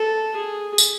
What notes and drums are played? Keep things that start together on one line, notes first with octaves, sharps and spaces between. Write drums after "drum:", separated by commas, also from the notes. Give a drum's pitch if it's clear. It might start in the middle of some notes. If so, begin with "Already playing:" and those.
Already playing: A4
G#4
drum: tambourine